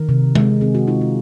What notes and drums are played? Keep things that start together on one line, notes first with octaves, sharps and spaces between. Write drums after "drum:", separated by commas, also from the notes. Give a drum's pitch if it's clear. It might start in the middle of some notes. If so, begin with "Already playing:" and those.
Already playing: D#3 A#4
C3
G#3, drum: tom D#3
C4 G#4
F#4
D#4 F4
F4